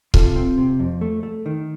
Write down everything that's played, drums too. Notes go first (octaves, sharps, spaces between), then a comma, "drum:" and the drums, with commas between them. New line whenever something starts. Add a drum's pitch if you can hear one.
C3 F4 A4, drum: kick C#1
C4
C3
F2
A3
A3
D#3